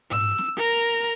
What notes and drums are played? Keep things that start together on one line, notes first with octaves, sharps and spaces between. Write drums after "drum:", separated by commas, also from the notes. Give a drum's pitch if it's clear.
E6, drum: tom G#2
drum: snare C4
A#4 A#5